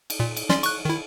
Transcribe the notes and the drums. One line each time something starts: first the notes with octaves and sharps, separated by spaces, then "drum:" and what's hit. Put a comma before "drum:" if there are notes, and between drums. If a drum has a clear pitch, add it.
drum: cymbal
A#2
drum: cymbal
C#4 D5 C6, drum: snare
C#6 F#6, drum: cymbal
D#3 E4